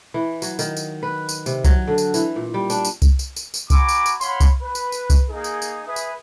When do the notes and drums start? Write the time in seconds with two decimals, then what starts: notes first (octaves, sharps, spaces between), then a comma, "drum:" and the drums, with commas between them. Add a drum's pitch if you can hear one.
0.14 E3
0.42 F#3, drum: tambourine
0.59 D#3, drum: tambourine
0.77 drum: tambourine
1.03 B4
1.29 drum: tambourine
1.46 C3, drum: tambourine
1.64 F#3, drum: kick C2, tambourine
1.88 D3
1.98 drum: tambourine
2.14 E3, drum: tambourine
2.36 A#2
2.54 G3
2.70 D4, drum: tambourine
2.84 drum: tambourine
3.02 drum: kick C2, tambourine
3.19 drum: tambourine
3.36 drum: tambourine
3.54 drum: tambourine
3.70 F#4 G#5 A#5 B5 D6, drum: kick C2, tambourine
3.88 drum: tambourine
4.06 drum: tambourine
4.21 C#5 F5 F#5 B5 C6, drum: tambourine
4.40 drum: kick C2, tambourine
4.63 B4
4.75 drum: tambourine
4.92 drum: tambourine
5.10 drum: kick C2, tambourine
5.30 A#3 D#4 G#4
5.44 drum: tambourine
5.62 drum: tambourine
5.87 G#4 B4 E5 D#6
5.96 drum: tambourine